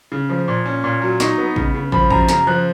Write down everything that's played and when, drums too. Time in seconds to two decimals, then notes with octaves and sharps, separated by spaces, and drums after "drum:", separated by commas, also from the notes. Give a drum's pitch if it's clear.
0.12 C#3
0.30 F3
0.48 A#2
0.66 C#4
0.84 A#2
1.02 F#3
1.20 D#4 C#6, drum: snare
1.38 B3
1.56 C#3, drum: kick
1.74 C#3
1.92 F3 B5, drum: kick
2.10 F#2 A#5, drum: kick
2.29 C#3 A#5, drum: snare
2.47 F3 F#6